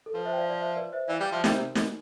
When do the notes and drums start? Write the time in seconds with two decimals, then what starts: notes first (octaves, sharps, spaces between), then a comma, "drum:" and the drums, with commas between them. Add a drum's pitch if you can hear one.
0.06 A4
0.14 F3 B4
0.25 C5 E5
0.32 G5
0.37 D5 F5
0.49 D5 F5
0.61 C5 E5
0.77 B4 D5
0.92 C5 E5
1.08 E3 D5 F5
1.20 G3
1.32 F3 C5 E5
1.44 G3, drum: snare
1.55 C3
1.75 drum: snare